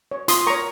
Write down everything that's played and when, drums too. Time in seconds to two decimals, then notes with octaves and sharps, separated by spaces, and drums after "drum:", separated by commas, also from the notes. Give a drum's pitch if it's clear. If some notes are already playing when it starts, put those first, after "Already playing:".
0.11 C#5
0.28 F4 C6 D#6, drum: hi-hat
0.47 A#4 C#5 A#5 C#6